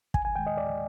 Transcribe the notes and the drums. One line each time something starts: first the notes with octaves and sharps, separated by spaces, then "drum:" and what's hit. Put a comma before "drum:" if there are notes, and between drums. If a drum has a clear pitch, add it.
D#2 G#5, drum: kick
G#5
D#3 G#3 G5
D#5
D#2 D5